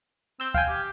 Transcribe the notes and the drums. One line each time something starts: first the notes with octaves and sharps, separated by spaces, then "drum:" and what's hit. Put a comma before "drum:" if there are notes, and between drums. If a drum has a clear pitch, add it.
C4 E6 G6
F5 G5 G#5, drum: kick D2
G4